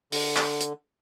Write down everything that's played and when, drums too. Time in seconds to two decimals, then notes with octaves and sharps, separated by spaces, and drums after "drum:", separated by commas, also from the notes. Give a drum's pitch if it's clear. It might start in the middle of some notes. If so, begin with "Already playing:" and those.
0.12 D3, drum: open hi-hat
0.36 drum: clap
0.61 drum: hi-hat